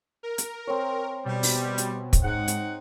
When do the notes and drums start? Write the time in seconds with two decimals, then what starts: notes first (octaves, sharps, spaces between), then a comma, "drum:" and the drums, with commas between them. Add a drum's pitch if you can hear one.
0.23 A#4
0.38 drum: hi-hat
0.67 C4 C5 C#5
1.25 B2 G3
1.43 drum: open hi-hat
1.78 drum: hi-hat
2.13 drum: kick, hi-hat
2.23 G#2 D#4 F#5
2.48 drum: hi-hat